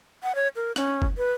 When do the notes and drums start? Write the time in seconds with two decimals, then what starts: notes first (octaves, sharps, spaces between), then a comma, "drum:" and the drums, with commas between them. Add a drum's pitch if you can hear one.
0.23 F#5
0.35 C#5
0.56 A#4
0.76 C#4, drum: rim click
1.02 drum: kick F#1
1.18 B4